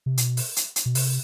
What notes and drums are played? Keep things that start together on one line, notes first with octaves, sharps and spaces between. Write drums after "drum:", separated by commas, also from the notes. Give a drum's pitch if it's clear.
C3
B2, drum: hi-hat
drum: open hi-hat
drum: hi-hat
drum: hi-hat
B2
C3, drum: open hi-hat